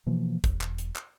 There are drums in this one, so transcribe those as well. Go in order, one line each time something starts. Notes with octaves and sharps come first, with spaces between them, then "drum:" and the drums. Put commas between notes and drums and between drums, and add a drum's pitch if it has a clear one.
B2 E3 F3 A#3
E1, drum: kick, hi-hat
drum: clap
drum: hi-hat
drum: clap